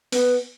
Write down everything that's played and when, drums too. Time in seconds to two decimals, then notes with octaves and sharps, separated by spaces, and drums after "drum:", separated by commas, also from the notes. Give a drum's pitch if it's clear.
0.12 B3, drum: open hi-hat